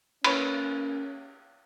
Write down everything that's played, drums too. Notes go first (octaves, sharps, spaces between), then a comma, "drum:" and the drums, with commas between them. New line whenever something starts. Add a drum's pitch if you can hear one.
A#3 C#4 B4 C#5, drum: cymbal